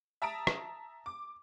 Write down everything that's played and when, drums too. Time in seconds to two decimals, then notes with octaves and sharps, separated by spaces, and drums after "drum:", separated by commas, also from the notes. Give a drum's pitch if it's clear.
0.22 E5 A5 A#5 D#6 D7
0.47 drum: rim click
1.06 D6